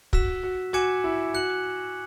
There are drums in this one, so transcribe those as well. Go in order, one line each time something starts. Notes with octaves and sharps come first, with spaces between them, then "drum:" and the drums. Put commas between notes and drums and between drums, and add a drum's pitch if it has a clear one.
F#4 E6 B6 E7, drum: kick
F#4
F#4 G#5 D6 G#6 C#7 E7
E4
F#4 F#6 C#7 F#7